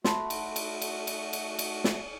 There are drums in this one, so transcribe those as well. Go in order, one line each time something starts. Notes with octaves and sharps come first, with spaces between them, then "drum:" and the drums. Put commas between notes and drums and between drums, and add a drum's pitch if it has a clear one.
A3 F#4 A5 B5 C6, drum: snare
drum: cymbal
drum: cymbal
drum: cymbal
drum: cymbal
drum: cymbal
drum: cymbal
drum: snare